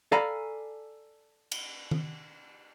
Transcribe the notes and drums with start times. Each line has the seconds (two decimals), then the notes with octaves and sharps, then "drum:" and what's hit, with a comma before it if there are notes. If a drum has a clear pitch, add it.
0.12 A4 D5 F5 G#5 A#5 B5
1.52 drum: cymbal
1.91 drum: tom D#3